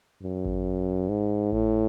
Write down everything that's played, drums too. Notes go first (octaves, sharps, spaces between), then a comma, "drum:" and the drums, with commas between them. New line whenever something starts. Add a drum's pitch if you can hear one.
F#2
drum: kick G#1
G#2
A2, drum: kick G#1